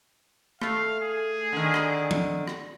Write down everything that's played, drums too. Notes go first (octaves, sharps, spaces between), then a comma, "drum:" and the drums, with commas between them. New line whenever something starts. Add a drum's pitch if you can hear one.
A3 F5, drum: rim click
G#4
D3 D#3
drum: rim click
drum: tom F3
drum: rim click